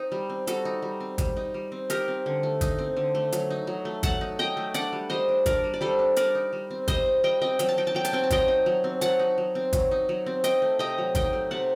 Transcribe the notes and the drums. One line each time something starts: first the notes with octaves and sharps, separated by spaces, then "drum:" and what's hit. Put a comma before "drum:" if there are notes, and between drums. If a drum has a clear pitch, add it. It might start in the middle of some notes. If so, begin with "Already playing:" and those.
Already playing: C4 D#4
G3
C4
G3 F#4 A4, drum: hi-hat
D#4
G3
C4
G3, drum: kick G#1, hi-hat
D#4
G3
C4
D#4 G4 A#4, drum: hi-hat
C4
D3
A3
D#4, drum: kick G#1, hi-hat
C4
D3
A3
F#3, drum: hi-hat
D#4
F#3
A3
F#3 F#5 A5, drum: kick G#1, hi-hat
D#4
F#3 D#5 G5
A3
D4 D5 F#5, drum: hi-hat
G3
G3 C5 D#5
D4
D4 A#4 D5, drum: kick G#1, hi-hat
G3
D5
G3 A4 C5
D4
G3 A#4 D5, drum: hi-hat
D#4
G3
C4
G3 C5 D#5, drum: kick G#1, hi-hat
D#4
G3 D#5 G5
C4 D#5 G5
F#3 G5, drum: hi-hat
A5
D#4 G5
A5
F#3 G5
A5, drum: hi-hat
C4 G5
A5
F#3 D#5 G5, drum: kick G#1, hi-hat
D#4
F#3
C4
F#3 F#5 A5, drum: hi-hat
D#4
F#3
C4
F#3, drum: kick G#1, hi-hat
D#4
F#3
C4
D#4 D#5 G5, drum: hi-hat
A3
C3 D#5 G5
F#3
D#4 D#5 G5, drum: kick G#1, hi-hat
A3
C3 F#5 A5